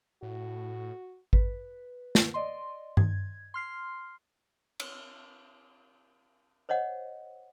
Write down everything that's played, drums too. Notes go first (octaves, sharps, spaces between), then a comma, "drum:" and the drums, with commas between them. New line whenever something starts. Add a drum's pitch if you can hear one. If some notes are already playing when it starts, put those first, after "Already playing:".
A2 F#4
B4, drum: kick G#1
drum: snare
D5 D#5 C6
G#6, drum: tom G2
C6 F6 C7
drum: cymbal
C5 C#5 D#5 F#5